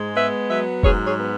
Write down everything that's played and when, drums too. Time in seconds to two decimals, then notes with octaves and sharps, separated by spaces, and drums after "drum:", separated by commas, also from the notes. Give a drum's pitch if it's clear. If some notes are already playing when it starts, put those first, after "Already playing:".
Already playing: G#2 G#3
0.15 B3 B4 E5
0.50 F#3 B4 E5
0.83 G#2 G#4 C#5, drum: kick F1
1.06 G#4 C#5
1.18 B3